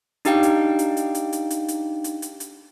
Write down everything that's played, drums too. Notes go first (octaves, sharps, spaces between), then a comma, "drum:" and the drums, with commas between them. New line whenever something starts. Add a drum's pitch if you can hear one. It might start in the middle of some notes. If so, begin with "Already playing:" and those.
D4 D#4 G4 F5 G5, drum: hi-hat
drum: hi-hat
drum: hi-hat
drum: hi-hat
drum: hi-hat
drum: hi-hat
drum: hi-hat
drum: hi-hat
drum: hi-hat
drum: hi-hat
drum: hi-hat